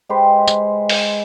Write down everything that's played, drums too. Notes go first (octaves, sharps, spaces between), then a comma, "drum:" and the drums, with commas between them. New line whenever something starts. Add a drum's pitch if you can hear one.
G#3 G4 B4 C5
drum: tambourine
drum: open hi-hat